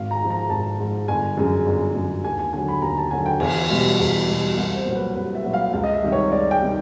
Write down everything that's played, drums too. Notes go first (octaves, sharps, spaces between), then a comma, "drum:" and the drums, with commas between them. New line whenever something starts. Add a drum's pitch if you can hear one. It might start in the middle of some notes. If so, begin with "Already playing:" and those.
Already playing: G#1 F5
A#5
G#2 F3
A#5
G#1 A5
G#2 F3
G1 G#5
F#2 C#3
G1
F#2 C#3
D#2 G#5
G#5
D3 F#3 G#5
B5
D#2 A#5
A5
D3 F#3 G#5
G5
E2 G#5, drum: cymbal
B2 G3
E2
B2 G3
C2
C5
A#2 F#3
B4
C2 B4
E5
A#2 F#3
F5
C#2 F5
D#5
E5
C3 D#3 G3
C#5
C#2 D5
G5
C3 D#3 G3